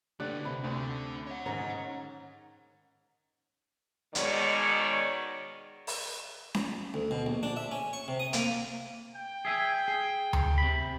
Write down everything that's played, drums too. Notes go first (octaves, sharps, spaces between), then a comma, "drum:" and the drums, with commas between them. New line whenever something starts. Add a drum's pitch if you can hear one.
D3 A3 G4 B4 D5 F#6
C3 B5
D2 D4 A4
C#5 F#5
G#2 D#3 C#4 A#5
B2 D#3 G#3 C#5 D5, drum: hi-hat
drum: open hi-hat
drum: snare C#4
D2
B2
A#1
D4
E5
C#4
C#6
C3
D#6
A#3, drum: hi-hat
G5
G#4 E5 G#5
G#4
drum: tom D2
C3 B5